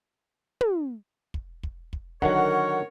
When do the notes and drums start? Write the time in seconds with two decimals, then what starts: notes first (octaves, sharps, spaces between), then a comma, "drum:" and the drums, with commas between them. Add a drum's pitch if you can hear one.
0.61 drum: tom
1.34 drum: kick
1.63 drum: kick
1.93 drum: kick
2.22 D3 D#3 F#3 A#4 C#5 F#5 C#6, drum: kick